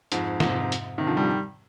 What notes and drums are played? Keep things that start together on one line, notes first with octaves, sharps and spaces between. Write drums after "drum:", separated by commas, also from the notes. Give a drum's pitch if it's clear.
F2 G#2, drum: hi-hat
G#2 C3, drum: snare
drum: hi-hat
C3 D#3
D3 F3
D#3 G3